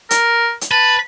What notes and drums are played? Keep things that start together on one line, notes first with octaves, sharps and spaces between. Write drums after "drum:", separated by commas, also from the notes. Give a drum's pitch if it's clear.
A#4, drum: hi-hat
drum: hi-hat
B4 A5